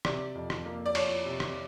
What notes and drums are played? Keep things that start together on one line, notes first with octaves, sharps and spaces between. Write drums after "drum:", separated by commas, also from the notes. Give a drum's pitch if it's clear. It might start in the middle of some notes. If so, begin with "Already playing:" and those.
C3 D5, drum: rim click
F2
drum: rim click
A#3
D5
F3 C#5, drum: cymbal
C3
drum: rim click